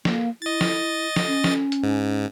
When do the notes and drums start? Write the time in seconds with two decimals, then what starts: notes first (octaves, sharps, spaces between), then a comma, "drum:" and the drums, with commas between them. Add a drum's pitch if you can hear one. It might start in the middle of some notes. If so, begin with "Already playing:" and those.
0.05 A#3, drum: snare
0.42 E4 D#5 A6
0.61 drum: snare
1.16 drum: snare
1.27 C#4
1.44 drum: snare
1.72 drum: hi-hat
1.84 G#2